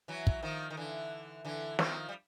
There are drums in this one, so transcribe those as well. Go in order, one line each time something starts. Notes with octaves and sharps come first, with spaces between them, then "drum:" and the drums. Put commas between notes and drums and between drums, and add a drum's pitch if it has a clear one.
E3 F#3
drum: kick
D#3 F3
D#3
D3 E3
D3 E3
D#3 F3, drum: snare
G3